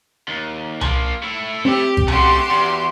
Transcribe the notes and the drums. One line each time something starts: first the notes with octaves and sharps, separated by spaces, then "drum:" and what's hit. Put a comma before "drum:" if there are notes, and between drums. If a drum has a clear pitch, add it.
D#2
F3 A#3, drum: tom C2
A3 E4
C4 G4
drum: kick G#1
A3 C#4 F#4 G4 C6, drum: tom C2
E2